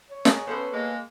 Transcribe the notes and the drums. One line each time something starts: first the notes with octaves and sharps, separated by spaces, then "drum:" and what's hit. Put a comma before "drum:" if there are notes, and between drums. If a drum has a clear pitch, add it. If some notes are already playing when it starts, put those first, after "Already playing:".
C#5
F#4 G#4 A#4, drum: snare
C#3 B3 A4 B4 C5
G#3 A#3